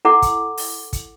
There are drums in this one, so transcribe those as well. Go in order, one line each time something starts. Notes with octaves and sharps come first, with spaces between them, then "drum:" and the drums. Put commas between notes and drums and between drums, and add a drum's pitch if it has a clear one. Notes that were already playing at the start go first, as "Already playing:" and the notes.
E4 A4 F#5 D6
drum: kick, hi-hat
drum: open hi-hat
drum: kick, hi-hat